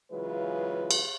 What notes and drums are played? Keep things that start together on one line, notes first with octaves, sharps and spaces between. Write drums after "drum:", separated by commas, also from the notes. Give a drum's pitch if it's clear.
C#3 E3 F#3 G#3 F4 B4
drum: cymbal